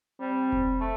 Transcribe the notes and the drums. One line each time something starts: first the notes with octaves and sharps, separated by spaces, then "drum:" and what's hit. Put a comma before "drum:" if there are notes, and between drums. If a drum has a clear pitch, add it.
G3 C4
drum: kick F1
A3